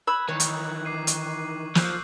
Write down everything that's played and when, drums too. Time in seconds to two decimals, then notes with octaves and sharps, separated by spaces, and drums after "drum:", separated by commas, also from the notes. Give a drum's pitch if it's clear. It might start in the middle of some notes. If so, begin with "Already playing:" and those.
0.07 B5 E6 F#6 G#6 F#7
0.29 D#3 E3 C#5
0.40 drum: hi-hat
0.85 D6 C7 D#7
1.07 C#6, drum: hi-hat
1.75 F3 E6 F#6 G6, drum: snare